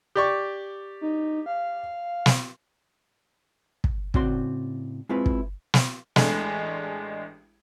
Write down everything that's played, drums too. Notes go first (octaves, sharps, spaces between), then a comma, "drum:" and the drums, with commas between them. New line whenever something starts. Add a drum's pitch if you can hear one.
G4 D5 C#6
D#4
F5
drum: snare
drum: kick
A2 C#3 C4 F#4 D5 C6, drum: kick
G#3 C4 E4 F4 B4
drum: kick
drum: snare
A1 G#3 A3 D4 G#4, drum: snare